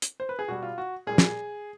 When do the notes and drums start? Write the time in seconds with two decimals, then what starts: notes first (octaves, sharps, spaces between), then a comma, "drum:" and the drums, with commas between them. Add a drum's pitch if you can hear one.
0.02 drum: hi-hat
0.20 C5
0.29 B4
0.39 G#4
0.48 B2 G3 F#4
0.63 F4
0.78 F#4
1.07 A#2 G3 G#4
1.18 drum: snare